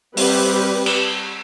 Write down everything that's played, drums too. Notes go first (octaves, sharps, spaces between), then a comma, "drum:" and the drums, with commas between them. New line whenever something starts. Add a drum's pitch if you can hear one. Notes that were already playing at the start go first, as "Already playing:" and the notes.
G3 C4 G4 B4, drum: open hi-hat
drum: cymbal